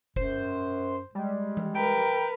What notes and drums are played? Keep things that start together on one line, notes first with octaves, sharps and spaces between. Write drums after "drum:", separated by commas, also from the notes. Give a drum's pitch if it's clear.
F#2 C5, drum: kick F1
G3 G#3
drum: tom E3
A#4 B4 G5